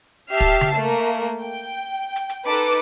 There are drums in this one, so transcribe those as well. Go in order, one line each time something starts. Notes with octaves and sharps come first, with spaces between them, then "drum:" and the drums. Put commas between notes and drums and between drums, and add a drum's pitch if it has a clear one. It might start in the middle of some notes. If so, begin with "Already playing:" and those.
G4 E5 A5 F6 C7
drum: kick
drum: tom C#3
A3 A#3
G5
drum: hi-hat
drum: hi-hat
D#4 A4 B4 A5 D6